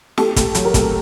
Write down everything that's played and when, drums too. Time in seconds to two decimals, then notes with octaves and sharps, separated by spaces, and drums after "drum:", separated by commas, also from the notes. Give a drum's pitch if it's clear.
0.18 A3 G4 A4, drum: snare
0.36 A3, drum: kick, hi-hat
0.55 F#3 A4, drum: hi-hat
0.65 A#4
0.74 A3 G4 A4, drum: kick, hi-hat